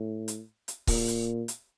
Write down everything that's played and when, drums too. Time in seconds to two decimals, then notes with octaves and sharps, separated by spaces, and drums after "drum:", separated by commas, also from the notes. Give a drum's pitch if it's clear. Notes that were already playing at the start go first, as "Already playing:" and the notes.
Already playing: A2
0.28 drum: hi-hat
0.68 drum: hi-hat
0.87 A#2, drum: kick C#1, open hi-hat
1.08 drum: hi-hat
1.48 drum: hi-hat